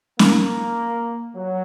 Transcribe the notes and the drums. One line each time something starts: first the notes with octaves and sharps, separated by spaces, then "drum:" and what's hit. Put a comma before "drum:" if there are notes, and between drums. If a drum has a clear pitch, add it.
A#3, drum: snare C#4
F#3